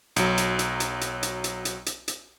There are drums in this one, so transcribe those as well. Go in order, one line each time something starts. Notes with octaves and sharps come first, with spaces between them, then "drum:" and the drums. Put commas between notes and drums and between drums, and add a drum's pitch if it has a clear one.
B1 F#3, drum: hi-hat
drum: hi-hat
drum: hi-hat
drum: hi-hat
drum: hi-hat
drum: hi-hat
drum: hi-hat
drum: hi-hat
drum: hi-hat
drum: hi-hat